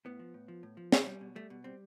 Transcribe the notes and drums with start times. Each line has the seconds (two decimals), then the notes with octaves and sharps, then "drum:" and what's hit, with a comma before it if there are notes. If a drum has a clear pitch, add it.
0.05 A2 B3
0.19 F3
0.34 A2
0.48 F3
0.63 A2
0.77 F3
0.92 B2, drum: snare
1.07 G3
1.21 B2
1.36 G3 A3
1.50 B2
1.64 G3 C4